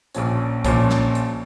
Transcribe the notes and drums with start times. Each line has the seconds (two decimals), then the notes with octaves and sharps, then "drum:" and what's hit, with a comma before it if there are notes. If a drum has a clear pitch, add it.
0.15 A#1 A#2 F3 C#4, drum: hi-hat
0.65 A#1 A#2 F3 C#4, drum: kick, hi-hat
0.90 drum: snare
1.15 drum: hi-hat